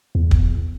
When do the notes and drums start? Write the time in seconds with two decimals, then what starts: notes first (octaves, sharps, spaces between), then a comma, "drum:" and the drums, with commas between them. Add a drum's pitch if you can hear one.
0.15 E2
0.31 drum: kick